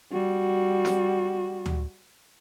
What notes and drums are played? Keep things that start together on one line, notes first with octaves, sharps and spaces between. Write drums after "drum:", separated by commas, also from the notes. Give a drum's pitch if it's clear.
G3 F#4
drum: snare
drum: tom D2